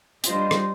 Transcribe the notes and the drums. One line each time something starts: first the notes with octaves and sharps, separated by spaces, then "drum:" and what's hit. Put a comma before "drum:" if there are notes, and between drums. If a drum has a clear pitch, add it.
G3 D4 F4 C5 D#5, drum: hi-hat
drum: rim click